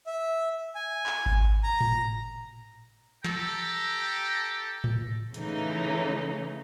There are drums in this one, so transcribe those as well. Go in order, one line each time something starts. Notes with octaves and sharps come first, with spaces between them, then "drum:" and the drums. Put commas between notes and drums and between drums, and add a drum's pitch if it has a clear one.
E5
G#5
drum: clap
drum: kick G#1
A#5
drum: tom A2
G4 A4 G5 A#5, drum: snare
drum: tom A2
C#3 E3 A3 D#4, drum: hi-hat